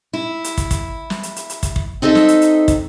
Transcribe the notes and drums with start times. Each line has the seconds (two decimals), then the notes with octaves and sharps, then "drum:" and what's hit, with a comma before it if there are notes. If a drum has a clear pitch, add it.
0.13 E4
0.44 drum: hi-hat
0.57 drum: kick, hi-hat
0.71 drum: kick, hi-hat
1.10 drum: snare
1.23 drum: hi-hat
1.36 drum: hi-hat
1.50 drum: hi-hat
1.63 drum: kick, hi-hat
1.76 drum: kick
2.02 C4 D#4 A4 D#5 E5
2.15 drum: snare
2.28 drum: hi-hat
2.42 drum: hi-hat
2.68 drum: kick, hi-hat